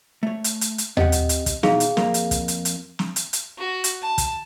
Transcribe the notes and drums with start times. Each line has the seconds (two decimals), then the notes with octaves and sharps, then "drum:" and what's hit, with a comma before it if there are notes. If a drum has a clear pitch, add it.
0.23 A3 C#5
0.44 drum: hi-hat
0.61 drum: hi-hat
0.78 drum: hi-hat
0.97 C4 G4 D#5 F#5, drum: tom D#2
1.12 drum: hi-hat
1.29 drum: hi-hat
1.46 drum: kick, hi-hat
1.63 B2 E3 D#4 G#4 F5, drum: snare
1.80 drum: hi-hat
1.97 F2 A#3, drum: snare
2.14 drum: hi-hat
2.31 drum: kick, hi-hat
2.48 drum: hi-hat
2.65 drum: hi-hat
2.99 drum: snare
3.16 drum: hi-hat
3.33 drum: hi-hat
3.58 F#4
3.84 drum: hi-hat
4.02 A5
4.18 drum: kick, hi-hat